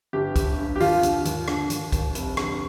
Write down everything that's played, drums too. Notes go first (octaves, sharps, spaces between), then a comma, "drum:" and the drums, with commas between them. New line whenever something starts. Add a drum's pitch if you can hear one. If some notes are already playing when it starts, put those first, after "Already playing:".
G1 G4
G1, drum: kick B1, hi-hat
G2
G4
D#2 F4, drum: open hi-hat
D3, drum: hi-hat
D#2, drum: hi-hat
D3, drum: rim click
D#2, drum: hi-hat
D#2, drum: kick B1, hi-hat
F1, drum: hi-hat
D3, drum: rim click